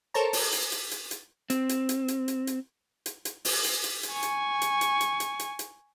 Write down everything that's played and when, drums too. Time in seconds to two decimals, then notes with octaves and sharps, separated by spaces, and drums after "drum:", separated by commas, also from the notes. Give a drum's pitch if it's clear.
0.14 A4 A#4 C5 C#5 A5 A#5
0.33 drum: open hi-hat
0.52 drum: hi-hat
0.72 drum: hi-hat
0.91 drum: hi-hat
1.11 drum: hi-hat
1.50 C4, drum: hi-hat
1.69 drum: hi-hat
1.89 drum: hi-hat
2.08 drum: hi-hat
2.28 drum: hi-hat
2.47 drum: hi-hat
3.06 drum: hi-hat
3.25 drum: hi-hat
3.45 drum: open hi-hat
3.64 drum: hi-hat
3.84 drum: hi-hat
4.03 drum: hi-hat
4.13 G#5 C#6
4.23 drum: hi-hat
4.62 drum: hi-hat
4.81 drum: hi-hat
5.01 drum: hi-hat
5.20 drum: hi-hat
5.39 drum: hi-hat
5.59 drum: hi-hat